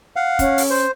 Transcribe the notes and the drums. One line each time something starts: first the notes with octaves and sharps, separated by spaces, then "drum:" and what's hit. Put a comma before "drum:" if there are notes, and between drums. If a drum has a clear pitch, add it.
F5 F#5
C#4, drum: kick, hi-hat
drum: open hi-hat
C5